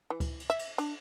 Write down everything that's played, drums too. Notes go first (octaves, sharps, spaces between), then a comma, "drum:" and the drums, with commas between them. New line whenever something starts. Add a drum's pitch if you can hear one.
E3
drum: kick C#2, cymbal
drum: cymbal
E5
drum: cymbal
D4, drum: cymbal